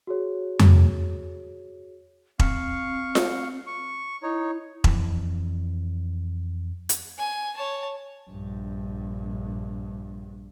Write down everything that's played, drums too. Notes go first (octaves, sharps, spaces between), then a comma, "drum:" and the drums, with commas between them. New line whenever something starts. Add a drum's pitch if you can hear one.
F#4 G#4 C#5
drum: tom F2
C4 F5 C#6, drum: kick E1
drum: snare F4
C#6
D#4 E4 C#5
F2 E3, drum: kick E1
drum: hi-hat
G#5
C#5 A5
A#1 G2